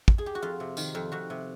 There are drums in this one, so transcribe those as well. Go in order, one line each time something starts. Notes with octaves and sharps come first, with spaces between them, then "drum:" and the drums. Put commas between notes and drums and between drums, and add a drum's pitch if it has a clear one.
drum: kick
G#4
G4
F#4
F2 F4
C3
D#3, drum: tambourine
F2
F2 F#4
C3